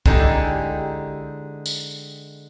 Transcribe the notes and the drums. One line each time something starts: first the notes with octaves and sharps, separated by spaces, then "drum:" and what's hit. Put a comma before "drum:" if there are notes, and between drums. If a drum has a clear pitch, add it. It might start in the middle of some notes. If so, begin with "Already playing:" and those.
D3 G#3 D#4 E4 G4, drum: kick
drum: tambourine